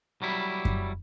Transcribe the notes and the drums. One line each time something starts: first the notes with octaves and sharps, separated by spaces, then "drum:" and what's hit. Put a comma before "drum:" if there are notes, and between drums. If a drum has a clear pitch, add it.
F#3 G3 E4
drum: kick F#2